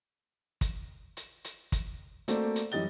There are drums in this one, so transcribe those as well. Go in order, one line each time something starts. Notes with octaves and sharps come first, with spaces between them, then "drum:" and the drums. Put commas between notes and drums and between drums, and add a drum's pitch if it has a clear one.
drum: kick, hi-hat
drum: hi-hat
drum: hi-hat
drum: kick, hi-hat
A3 A#3 C4 F#4 C5 D5, drum: hi-hat
drum: hi-hat
F#2 E3 G3 D#5 A6 G7